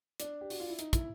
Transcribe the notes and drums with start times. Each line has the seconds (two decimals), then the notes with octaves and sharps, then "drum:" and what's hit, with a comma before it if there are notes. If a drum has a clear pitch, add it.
0.20 D4, drum: hi-hat
0.41 G4
0.50 F#4, drum: open hi-hat
0.60 F4
0.69 E4
0.79 D#4, drum: hi-hat
0.93 E4, drum: kick, hi-hat